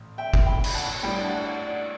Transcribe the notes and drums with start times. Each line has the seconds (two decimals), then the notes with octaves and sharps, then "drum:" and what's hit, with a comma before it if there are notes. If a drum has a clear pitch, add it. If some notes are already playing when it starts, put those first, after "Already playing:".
Already playing: A1
0.18 E5 G5
0.34 drum: kick F#1
0.46 G5 B5
0.64 B5, drum: cymbal
0.75 F#5 A5
1.03 A2 G3 D4 G5 B5
1.24 F#5 A5
1.45 D5 F#5
1.67 D5 F#5